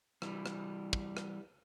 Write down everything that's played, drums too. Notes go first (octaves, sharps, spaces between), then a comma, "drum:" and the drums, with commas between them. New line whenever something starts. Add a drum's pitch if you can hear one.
E3 G3, drum: rim click
drum: rim click
drum: kick
drum: rim click